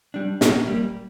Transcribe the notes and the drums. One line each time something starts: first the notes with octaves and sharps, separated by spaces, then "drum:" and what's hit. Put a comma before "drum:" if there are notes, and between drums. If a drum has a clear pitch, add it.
G3 D4
A#2, drum: snare
G3 A#3